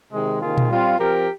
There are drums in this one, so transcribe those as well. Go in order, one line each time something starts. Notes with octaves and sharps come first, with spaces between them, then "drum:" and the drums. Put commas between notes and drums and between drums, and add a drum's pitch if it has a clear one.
C3 D#3 G#3
C3 D#3 A#3 F4 G#4
drum: tom A#2
G3 C4 F4
F3 C4 G4 A#4